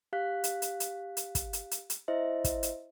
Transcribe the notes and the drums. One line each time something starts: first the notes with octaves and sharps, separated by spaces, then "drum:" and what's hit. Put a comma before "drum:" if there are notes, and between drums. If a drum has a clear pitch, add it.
G4 F5 F#6 B6
drum: hi-hat
drum: hi-hat
drum: hi-hat
drum: hi-hat
drum: kick, hi-hat
drum: hi-hat
drum: hi-hat
drum: hi-hat
E4 C5 D#5 E5
drum: kick, hi-hat
drum: hi-hat